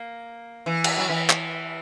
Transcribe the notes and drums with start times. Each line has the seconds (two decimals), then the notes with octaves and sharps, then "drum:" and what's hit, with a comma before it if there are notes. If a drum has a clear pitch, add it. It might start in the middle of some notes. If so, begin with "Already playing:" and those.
Already playing: A#3
0.66 E3
0.84 drum: cymbal
0.98 F#3
1.09 E3
1.30 drum: clap